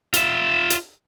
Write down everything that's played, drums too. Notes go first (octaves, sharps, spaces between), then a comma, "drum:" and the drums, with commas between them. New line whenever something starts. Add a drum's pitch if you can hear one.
F4 E5, drum: hi-hat
drum: hi-hat